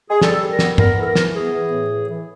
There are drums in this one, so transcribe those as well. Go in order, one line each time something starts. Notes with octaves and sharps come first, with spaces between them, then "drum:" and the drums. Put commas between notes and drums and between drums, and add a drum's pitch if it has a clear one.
G#4
G3 A4, drum: snare
G3
A#4
B3, drum: snare
B3 A#4, drum: tom
E3 A4
A#4
E3, drum: snare
B3 G#4
E3
A2
E3
E3